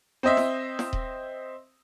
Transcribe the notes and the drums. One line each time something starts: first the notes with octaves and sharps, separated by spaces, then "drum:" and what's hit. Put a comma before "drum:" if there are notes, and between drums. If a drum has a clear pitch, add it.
C4 C5 D#5 E5
drum: snare
drum: snare
drum: kick D#1